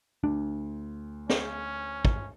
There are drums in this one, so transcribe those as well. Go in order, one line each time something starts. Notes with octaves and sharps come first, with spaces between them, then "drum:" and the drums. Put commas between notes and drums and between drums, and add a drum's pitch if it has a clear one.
D2 D4
C#4, drum: snare
drum: kick